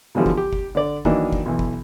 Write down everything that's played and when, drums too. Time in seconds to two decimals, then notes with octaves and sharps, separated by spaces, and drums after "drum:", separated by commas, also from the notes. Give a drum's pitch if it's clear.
0.15 B2 D3 E3 F3 G3
0.26 drum: kick F#1
0.37 G4
0.53 drum: kick F#1
0.75 D3 D5
1.05 D#3 E3 F#3 A#3 D4 D#4, drum: kick F#1
1.33 drum: kick F#1
1.46 B1 E3
1.59 drum: kick F#1